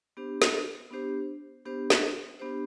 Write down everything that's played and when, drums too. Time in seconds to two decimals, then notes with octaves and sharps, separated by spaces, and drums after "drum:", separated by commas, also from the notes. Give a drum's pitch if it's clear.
0.17 B3 D4 G4 C5
0.42 drum: snare
0.91 B3 D4 G4 C5
1.65 B3 D4 G4 C5
1.90 drum: snare
2.40 B3 D4 G4 C5